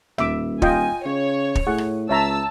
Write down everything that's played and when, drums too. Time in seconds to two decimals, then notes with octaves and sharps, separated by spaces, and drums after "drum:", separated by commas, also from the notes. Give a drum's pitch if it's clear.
0.18 D#1 E5 D6, drum: tom
0.62 F4 D#5 G5 G#5, drum: kick
1.06 C#3 C#5
1.55 drum: kick
1.67 A2 G#4 F#5 C#6
1.78 drum: rim click
2.09 C#2 C#5 E5 A5 A#5 E6